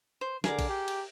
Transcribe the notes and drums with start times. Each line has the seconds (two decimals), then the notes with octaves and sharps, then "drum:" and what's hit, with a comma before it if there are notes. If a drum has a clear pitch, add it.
0.21 C5
0.44 D3 G#4 A#4 D6, drum: snare
0.59 drum: kick A#1, cymbal
0.68 G4
0.88 drum: cymbal